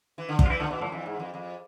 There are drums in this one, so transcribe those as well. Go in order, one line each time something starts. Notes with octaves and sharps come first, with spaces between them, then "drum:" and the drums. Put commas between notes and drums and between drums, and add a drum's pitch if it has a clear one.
E3
D3
C3, drum: kick
F4
E3 C4 E4
D3 F3 A3
B2 E3
A2 D3 F3
F2 E3
G#2
F2
F2